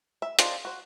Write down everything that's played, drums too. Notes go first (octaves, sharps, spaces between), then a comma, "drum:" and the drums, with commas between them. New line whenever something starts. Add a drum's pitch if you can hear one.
E5
C4 D4 D#4 F4 G#4, drum: hi-hat
F#4 C5